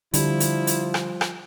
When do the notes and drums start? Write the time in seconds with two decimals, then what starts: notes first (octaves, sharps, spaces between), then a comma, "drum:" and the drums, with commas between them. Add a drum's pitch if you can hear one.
0.14 D3 F3 G3 E4, drum: hi-hat
0.40 drum: hi-hat
0.67 drum: hi-hat
0.94 drum: rim click
1.21 drum: rim click